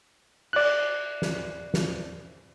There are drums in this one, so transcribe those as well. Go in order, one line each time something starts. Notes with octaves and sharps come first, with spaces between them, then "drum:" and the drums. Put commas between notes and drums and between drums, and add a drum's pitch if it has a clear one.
D5 F#6, drum: cymbal
drum: snare
drum: snare